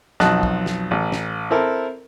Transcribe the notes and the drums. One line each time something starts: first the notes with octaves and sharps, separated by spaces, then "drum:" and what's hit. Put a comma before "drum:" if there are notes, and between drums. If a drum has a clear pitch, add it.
B1 F2 F#4 D#5 A5 F#6, drum: snare
drum: kick
drum: snare
A1
drum: snare
C4 E4 A4 A#4